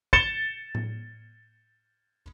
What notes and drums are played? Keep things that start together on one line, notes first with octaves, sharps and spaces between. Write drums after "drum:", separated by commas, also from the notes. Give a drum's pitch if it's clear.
A6 C#7 E7 G7, drum: kick
drum: tom A2